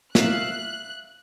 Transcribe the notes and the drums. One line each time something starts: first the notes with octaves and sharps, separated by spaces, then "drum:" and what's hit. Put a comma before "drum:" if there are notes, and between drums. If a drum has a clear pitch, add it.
E5 F5 F#6, drum: snare